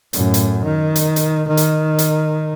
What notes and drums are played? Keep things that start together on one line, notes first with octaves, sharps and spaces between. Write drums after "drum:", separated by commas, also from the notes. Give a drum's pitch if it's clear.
F#2 A2, drum: hi-hat
drum: hi-hat
D#3
drum: hi-hat
drum: hi-hat
D#3
drum: hi-hat
drum: hi-hat